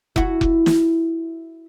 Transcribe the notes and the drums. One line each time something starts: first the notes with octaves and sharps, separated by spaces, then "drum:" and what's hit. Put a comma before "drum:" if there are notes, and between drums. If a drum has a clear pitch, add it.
E4 F#4, drum: kick F1
drum: kick F1
drum: snare